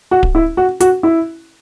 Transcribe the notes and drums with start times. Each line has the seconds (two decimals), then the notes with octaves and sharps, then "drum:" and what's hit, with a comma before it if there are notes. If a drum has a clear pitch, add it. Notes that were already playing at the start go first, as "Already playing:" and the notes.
0.11 F#4
0.23 drum: kick D1
0.35 E4
0.57 F#4
0.80 F#4, drum: hi-hat
1.03 E4